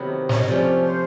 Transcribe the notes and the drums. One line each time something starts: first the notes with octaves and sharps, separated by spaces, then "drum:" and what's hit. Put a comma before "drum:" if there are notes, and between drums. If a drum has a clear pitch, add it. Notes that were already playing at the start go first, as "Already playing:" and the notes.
Already playing: C3 D#3 F#3 A3 B3 E4
C#5, drum: snare
D#5
C3 F3 A3 C#4 D5
C5